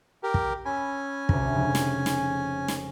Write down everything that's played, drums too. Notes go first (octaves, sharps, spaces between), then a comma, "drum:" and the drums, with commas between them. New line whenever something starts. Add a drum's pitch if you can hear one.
G4 A#4
drum: kick
C#4 G#5 B5 E6
D2 C3, drum: kick
F1 C#3
drum: snare
drum: snare
drum: snare